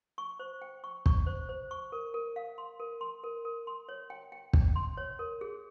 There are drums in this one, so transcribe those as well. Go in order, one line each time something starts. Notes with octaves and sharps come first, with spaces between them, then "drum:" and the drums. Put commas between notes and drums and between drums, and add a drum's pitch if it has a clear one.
C#6
C5
G5
C#6
C#6, drum: kick
C5
C5
C#6
A#4
A#4
F5
C6
A#4
C6
A#4
A#4
C6
C#5
G5
G5
G5, drum: kick
C6
C#5
A#4
G#4